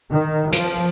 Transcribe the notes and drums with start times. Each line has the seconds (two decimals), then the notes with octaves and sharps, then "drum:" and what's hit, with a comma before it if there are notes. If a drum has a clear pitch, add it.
0.12 D#3
0.53 F3, drum: hi-hat